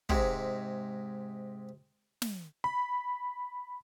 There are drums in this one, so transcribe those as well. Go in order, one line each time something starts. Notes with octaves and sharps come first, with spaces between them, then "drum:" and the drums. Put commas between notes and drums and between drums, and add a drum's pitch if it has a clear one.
G#2 C3 G#3, drum: kick
drum: snare
B5